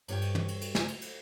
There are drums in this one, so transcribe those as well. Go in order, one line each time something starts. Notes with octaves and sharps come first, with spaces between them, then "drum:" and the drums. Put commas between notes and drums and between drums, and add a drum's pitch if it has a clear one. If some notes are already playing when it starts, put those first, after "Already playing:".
G2 C#5 G5, drum: cymbal
drum: cymbal
drum: tom
drum: cymbal
drum: cymbal
drum: snare
drum: cymbal
drum: cymbal